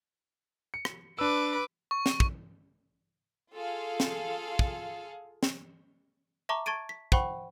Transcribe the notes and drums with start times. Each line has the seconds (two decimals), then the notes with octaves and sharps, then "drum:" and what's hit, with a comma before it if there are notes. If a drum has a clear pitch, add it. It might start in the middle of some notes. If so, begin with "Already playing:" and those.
0.74 C#7
0.85 drum: rim click
1.19 D4 B4 D6 E6
1.91 C#6
2.06 drum: snare
2.20 drum: kick
3.53 F4 G#4 A4 F5
4.00 drum: snare
4.59 drum: kick
5.43 drum: snare
6.49 E5 A5 A#5 C#6 D6
6.66 A5 C#6 G#6 A6 D7 D#7
6.89 B6
7.12 C5 F#5 G5 B5 C#6, drum: kick